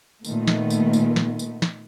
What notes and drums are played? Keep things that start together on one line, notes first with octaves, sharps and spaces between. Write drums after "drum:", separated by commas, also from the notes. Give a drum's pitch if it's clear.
A#2 D#3 A3 B3, drum: tambourine
drum: snare
drum: tambourine
drum: tambourine
drum: snare
drum: tambourine
drum: snare